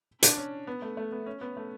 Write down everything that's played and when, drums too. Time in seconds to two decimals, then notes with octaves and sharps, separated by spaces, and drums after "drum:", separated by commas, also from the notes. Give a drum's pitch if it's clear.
0.23 D4, drum: hi-hat
0.37 C#4
0.67 B3
0.82 A3
0.97 A3
1.12 B3
1.26 C#4
1.41 B3
1.57 A3